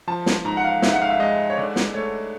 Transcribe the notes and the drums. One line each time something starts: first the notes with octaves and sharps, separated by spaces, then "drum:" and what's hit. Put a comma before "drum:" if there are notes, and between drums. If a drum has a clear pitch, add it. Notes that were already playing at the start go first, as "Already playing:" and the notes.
F3 A5
drum: snare
G#2 A#5
F#5
F5
G#2 E5, drum: snare
F#5
F5
E5
G#3 D#5
C#5
D3 D5
drum: snare
A3 C#5